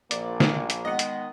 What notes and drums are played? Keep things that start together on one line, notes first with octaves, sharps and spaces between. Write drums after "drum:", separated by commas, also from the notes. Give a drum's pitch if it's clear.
A#1 A#3 D5, drum: hi-hat
drum: snare
drum: hi-hat
D#3 G#3 B3 D#5 F#5
drum: hi-hat